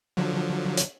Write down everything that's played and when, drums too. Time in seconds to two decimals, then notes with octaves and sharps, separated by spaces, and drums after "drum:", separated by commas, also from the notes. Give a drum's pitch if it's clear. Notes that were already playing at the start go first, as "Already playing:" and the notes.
0.17 D3 F3 F#3
0.77 drum: hi-hat